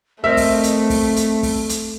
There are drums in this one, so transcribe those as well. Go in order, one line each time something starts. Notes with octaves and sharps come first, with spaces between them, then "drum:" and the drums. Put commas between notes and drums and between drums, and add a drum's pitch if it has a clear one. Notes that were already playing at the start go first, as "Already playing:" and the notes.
A3 C4 A#4 C5 D#5 E5
drum: kick, open hi-hat
drum: hi-hat
drum: kick, open hi-hat
drum: hi-hat
drum: kick, open hi-hat
drum: hi-hat